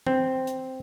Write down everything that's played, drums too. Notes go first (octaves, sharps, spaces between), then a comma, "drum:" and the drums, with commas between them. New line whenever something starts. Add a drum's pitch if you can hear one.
C4, drum: tom
drum: hi-hat